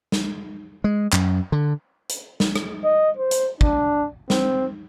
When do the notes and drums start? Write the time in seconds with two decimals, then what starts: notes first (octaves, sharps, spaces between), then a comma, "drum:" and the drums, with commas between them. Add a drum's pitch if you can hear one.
0.12 drum: snare
0.84 G#3
1.13 F#2, drum: clap
1.52 D3
2.09 drum: hi-hat
2.40 drum: snare
2.56 drum: rim click
2.84 D#5
3.17 C5
3.31 drum: hi-hat
3.61 D4, drum: kick
4.30 C4, drum: snare